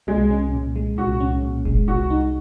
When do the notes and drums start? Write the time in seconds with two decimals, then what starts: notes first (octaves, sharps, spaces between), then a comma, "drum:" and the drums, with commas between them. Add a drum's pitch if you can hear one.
0.07 C2 G#3
0.31 C#4
0.52 A#2
0.76 G#3
0.97 C2 F#4
1.20 C#4
1.42 A#2
1.65 G#3, drum: kick F1
1.88 C2 F#4
2.10 D#4